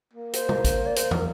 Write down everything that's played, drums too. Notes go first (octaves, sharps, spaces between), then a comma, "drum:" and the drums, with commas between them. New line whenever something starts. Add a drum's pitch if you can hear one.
A#3
C5, drum: hi-hat
drum: tom
drum: kick, hi-hat
D5
C5, drum: hi-hat
A#4, drum: tom